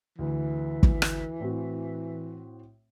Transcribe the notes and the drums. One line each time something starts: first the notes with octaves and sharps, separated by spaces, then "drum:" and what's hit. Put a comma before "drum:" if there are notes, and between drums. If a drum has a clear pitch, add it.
D2 E3
drum: kick
drum: rim click
A2 C4 F#4